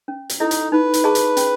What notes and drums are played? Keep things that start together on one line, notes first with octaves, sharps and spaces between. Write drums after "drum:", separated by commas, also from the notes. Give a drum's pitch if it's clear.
C#4
drum: hi-hat
D#4 E4 A4 D#5
drum: hi-hat
D#4 B4
drum: hi-hat
G#4 D#5 A5 C#6
drum: hi-hat
C#4, drum: hi-hat